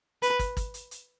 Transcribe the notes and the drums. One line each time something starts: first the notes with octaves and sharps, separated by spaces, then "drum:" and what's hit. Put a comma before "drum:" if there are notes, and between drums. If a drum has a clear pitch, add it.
B4, drum: hi-hat
drum: kick, hi-hat
drum: kick, hi-hat
drum: hi-hat
drum: hi-hat